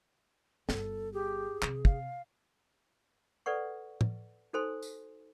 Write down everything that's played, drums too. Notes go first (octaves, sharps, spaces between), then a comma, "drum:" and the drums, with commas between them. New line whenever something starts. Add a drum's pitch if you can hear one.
G1 A4, drum: snare
G4 G#4
C3, drum: clap
F5, drum: kick
A4 B4 D5 F#5 C#6
drum: tom A2
D#4 F#4 A4 C5 G#5 C6
drum: tambourine